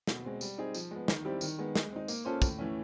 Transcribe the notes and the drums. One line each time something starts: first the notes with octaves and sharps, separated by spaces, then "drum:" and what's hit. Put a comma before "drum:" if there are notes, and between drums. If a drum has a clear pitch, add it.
B2, drum: snare
G#3 C4
G3, drum: tambourine
C4 D#4 G#4
F3, drum: tambourine
G#3 B3
D#3, drum: snare
G3 C4 E4 G4
D#3, drum: tambourine
G#3 B3
G#3, drum: snare
C4 D#4
A#3, drum: tambourine
C#4 F4 A4 C5
A2, drum: kick, tambourine
E3 A3 C#4